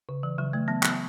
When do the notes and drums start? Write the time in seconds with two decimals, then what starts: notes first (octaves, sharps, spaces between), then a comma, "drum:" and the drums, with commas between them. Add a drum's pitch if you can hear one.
0.09 C#3
0.23 E3
0.38 C#3 F#3
0.53 E3 A3
0.68 F#3 B3
0.83 F#3 B3, drum: clap